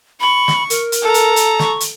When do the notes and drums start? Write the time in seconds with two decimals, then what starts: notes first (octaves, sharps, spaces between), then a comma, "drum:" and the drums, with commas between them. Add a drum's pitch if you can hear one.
0.21 B5 C#6
0.48 drum: snare
0.70 A#4, drum: hi-hat
0.92 drum: hi-hat
1.02 A4 A#5
1.14 drum: hi-hat
1.36 drum: hi-hat
1.59 C#6, drum: snare
1.80 drum: hi-hat